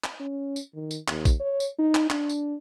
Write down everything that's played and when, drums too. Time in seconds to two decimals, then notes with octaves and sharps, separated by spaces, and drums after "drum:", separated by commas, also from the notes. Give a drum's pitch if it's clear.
0.04 drum: clap
0.20 C#4
0.56 drum: tambourine
0.74 D#3
0.91 drum: tambourine
1.08 D#2, drum: clap
1.25 drum: kick A#1, tambourine
1.40 C#5
1.60 drum: tambourine
1.79 D#4
1.95 drum: clap
2.10 D4, drum: clap
2.29 drum: tambourine